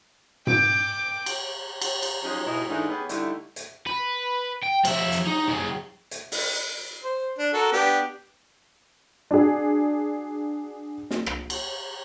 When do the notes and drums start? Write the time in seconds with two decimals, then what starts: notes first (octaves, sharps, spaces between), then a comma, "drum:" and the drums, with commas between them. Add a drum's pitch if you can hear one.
0.47 G5 D6, drum: tom G#2
1.26 drum: cymbal
1.81 drum: cymbal
2.02 drum: cymbal
2.24 F3 F#3 G#3 C#4 D#4
2.46 G#2 B2 E4 D#5
2.69 G#2 E3 A3 D4 D#4
2.89 B3 C#4 G4 G#4
3.09 D3 G3 A3 D#4 E4, drum: hi-hat
3.56 drum: hi-hat
3.87 B4
4.63 G5
4.85 F3 E5, drum: cymbal
5.12 drum: hi-hat
5.27 D#4
5.48 F#3 G#4
6.11 drum: hi-hat
6.32 drum: open hi-hat
7.04 C5
7.38 D4
7.53 F#4 A4 A#4
7.72 B3 D4 G4
9.31 D4 F#4 G#4
11.11 drum: snare
11.26 drum: rim click
11.50 drum: cymbal